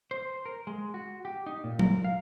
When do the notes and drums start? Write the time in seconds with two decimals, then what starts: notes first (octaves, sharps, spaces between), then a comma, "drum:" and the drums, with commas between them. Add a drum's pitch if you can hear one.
0.11 C5
0.46 A#4
0.67 G#3
0.94 F#4
1.25 G4
1.46 D#4
1.64 A#2
1.79 A#4, drum: tom F#3
2.04 F5